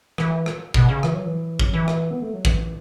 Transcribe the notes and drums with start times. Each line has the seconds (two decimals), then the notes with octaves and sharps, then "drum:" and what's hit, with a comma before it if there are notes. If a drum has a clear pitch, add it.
0.18 E3, drum: rim click
0.46 drum: rim click
0.74 B2, drum: kick
0.89 C#3
1.03 E3, drum: rim click
1.14 F#3
1.26 E3
1.59 F#3, drum: kick
1.74 E3
1.88 drum: rim click
2.11 B3
2.22 A3
2.34 F#3
2.45 E3, drum: kick